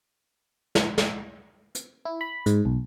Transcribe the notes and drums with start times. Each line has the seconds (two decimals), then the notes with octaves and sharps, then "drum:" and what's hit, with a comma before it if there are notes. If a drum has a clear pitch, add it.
0.75 drum: snare
0.98 drum: snare
1.75 drum: hi-hat
2.05 E4
2.21 B5
2.46 G#2, drum: hi-hat
2.65 B1